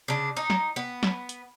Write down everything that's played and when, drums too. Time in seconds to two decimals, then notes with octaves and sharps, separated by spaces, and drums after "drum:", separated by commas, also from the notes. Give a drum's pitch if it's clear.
0.08 C#3 D4
0.37 D#4
0.50 drum: snare
0.76 B3
1.03 drum: snare
1.29 drum: hi-hat